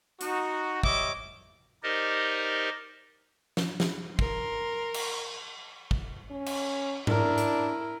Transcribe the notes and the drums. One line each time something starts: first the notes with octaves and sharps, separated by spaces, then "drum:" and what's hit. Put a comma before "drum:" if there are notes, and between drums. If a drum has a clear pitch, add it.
D#4 F#4, drum: hi-hat
G3 C#5 D#5 E5 D6, drum: kick
D#4 G4 A#4 C5 D5 D#5
drum: snare
drum: snare
A#4 C6, drum: kick
drum: cymbal
drum: kick
C#4
drum: cymbal
D4 E4 A#4, drum: tom G#2
drum: hi-hat